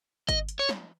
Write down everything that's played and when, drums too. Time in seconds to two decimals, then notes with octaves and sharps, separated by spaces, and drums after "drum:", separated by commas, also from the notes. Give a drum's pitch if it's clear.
0.29 D#5, drum: kick G1, hi-hat
0.49 drum: hi-hat
0.59 C#5
0.69 drum: snare